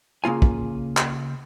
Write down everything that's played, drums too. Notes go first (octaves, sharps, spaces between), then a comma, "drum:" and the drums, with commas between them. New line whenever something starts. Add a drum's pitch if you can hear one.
C#3 A#3 F4 G#5
drum: kick
drum: clap